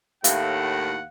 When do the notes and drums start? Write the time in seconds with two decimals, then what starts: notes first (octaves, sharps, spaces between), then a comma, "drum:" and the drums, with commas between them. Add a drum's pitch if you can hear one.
0.24 D#2 A2 F5 F#5, drum: hi-hat